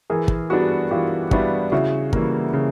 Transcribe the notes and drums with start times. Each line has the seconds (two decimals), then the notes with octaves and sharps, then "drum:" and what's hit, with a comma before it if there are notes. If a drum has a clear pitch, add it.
0.10 E3 G#4 A#4
0.28 drum: kick
0.50 G3 B3 D4 F#4 G#4
0.91 E3 F4 G4
1.31 G3 B3 D4 E4 F#4, drum: kick
1.72 C#3 E4 F#4
2.13 E3 G3 A#3, drum: kick
2.54 C#3